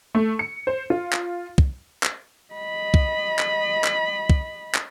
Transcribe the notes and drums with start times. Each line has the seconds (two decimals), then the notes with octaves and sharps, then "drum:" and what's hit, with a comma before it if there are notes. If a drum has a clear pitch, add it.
0.15 A3
0.39 C#7
0.67 C5
0.90 F4
1.13 drum: clap
1.58 drum: kick
2.03 drum: clap
2.54 D#5 B5
2.94 drum: kick
3.39 drum: clap
3.84 drum: clap
4.30 drum: kick
4.75 drum: clap